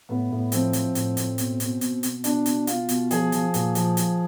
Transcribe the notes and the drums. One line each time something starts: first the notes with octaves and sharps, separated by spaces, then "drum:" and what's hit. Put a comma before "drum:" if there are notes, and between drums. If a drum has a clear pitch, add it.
A2 B3
A2
F3 C4, drum: hi-hat
F3, drum: hi-hat
A2, drum: hi-hat
A2, drum: hi-hat
B2, drum: hi-hat
B2, drum: hi-hat
B2, drum: hi-hat
B2, drum: hi-hat
B2 D4, drum: hi-hat
B2, drum: hi-hat
B2 F4, drum: hi-hat
B2, drum: hi-hat
F3 G#4, drum: hi-hat
F3, drum: hi-hat
A#2, drum: hi-hat
F3, drum: hi-hat
F3, drum: hi-hat